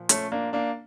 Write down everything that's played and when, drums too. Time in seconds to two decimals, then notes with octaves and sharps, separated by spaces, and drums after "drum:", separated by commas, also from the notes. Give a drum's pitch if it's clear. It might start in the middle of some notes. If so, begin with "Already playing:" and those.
Already playing: A#2 F3
0.09 A3 C#4, drum: hi-hat
0.32 A#3 D4
0.53 A#3 D4